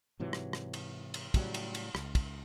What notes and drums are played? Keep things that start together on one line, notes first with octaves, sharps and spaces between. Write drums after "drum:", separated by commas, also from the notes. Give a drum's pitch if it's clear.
G#2 C3 E3 F#3
drum: rim click
drum: rim click
drum: cymbal
drum: cymbal
A2 C#3 F#3 G3, drum: kick, cymbal
drum: cymbal
drum: cymbal
C#2, drum: rim click
drum: kick, cymbal